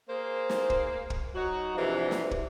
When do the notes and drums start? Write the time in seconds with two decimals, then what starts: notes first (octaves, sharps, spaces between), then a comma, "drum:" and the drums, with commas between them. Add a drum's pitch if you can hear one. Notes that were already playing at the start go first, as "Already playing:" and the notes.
0.09 A#3 G#4 C5
0.50 drum: snare
0.70 drum: kick
1.10 drum: kick
1.35 F#3 D#4 F#4
1.75 G#2 C3 E3 F3 D4
2.11 drum: snare
2.31 drum: kick